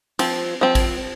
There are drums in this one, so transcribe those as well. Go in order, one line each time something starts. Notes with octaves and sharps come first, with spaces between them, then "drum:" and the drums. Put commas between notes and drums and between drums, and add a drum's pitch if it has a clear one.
F3 C4, drum: cymbal
F3 C4
drum: kick, cymbal